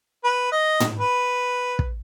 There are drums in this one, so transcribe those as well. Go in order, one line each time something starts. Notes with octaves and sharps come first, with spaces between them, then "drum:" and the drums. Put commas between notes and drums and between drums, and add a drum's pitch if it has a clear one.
B4
D#5
drum: tom
B4
drum: kick